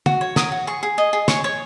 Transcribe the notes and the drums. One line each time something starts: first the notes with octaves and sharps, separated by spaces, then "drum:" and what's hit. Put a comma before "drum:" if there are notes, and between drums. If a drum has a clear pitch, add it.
F#4, drum: tom
C#5
A#4 D#6, drum: snare
F#4
G#4 C#6
G#4
D#5
G#4
C#5 C#6, drum: snare
C#5